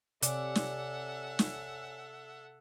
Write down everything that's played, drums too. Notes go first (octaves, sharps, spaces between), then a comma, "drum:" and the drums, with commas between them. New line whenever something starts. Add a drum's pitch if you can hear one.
C3 A4 C#5 D5 E5 F#5 G#5, drum: hi-hat
drum: snare
drum: snare